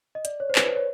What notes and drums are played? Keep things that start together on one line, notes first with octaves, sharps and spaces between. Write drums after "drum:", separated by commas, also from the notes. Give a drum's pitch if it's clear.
D#5
D5, drum: hi-hat
C#5
C5
B4, drum: clap
B4
C#5